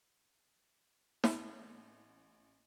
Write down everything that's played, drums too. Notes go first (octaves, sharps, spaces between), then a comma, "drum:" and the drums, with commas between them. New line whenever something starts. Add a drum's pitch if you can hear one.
A1, drum: snare